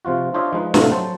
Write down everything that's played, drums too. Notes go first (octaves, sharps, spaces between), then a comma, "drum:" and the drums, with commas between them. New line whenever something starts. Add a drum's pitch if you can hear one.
C3 F3 F4 F#4
D4 F4 C5 C#5 D#5 E5
F3 G#3 D#4 B4
A2 C3 E4 F4 A4 F#5, drum: snare
F#3 C5 A5